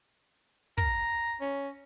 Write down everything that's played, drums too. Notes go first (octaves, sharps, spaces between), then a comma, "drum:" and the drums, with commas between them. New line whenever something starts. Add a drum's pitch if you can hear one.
A#5, drum: kick
C#4